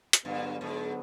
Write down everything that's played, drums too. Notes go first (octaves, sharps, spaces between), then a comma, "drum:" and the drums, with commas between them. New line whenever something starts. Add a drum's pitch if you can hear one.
drum: hi-hat
G2 D3 F#3 B3
G#2